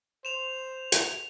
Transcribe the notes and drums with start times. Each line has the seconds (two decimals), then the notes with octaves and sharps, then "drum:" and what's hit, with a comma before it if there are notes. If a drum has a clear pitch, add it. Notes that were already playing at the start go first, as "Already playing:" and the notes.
0.25 C5 E7 F7
0.92 drum: hi-hat